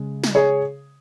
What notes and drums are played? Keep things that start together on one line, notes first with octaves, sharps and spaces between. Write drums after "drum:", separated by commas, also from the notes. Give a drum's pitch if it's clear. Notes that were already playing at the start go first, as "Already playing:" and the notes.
Already playing: C#3 G#3
drum: snare
G#4 C#5